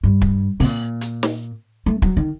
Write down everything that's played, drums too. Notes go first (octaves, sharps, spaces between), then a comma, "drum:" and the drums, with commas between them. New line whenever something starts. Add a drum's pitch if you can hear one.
G2
drum: kick
C3, drum: open hi-hat
A#2
drum: hi-hat
drum: snare
A3
F#3, drum: kick
D#3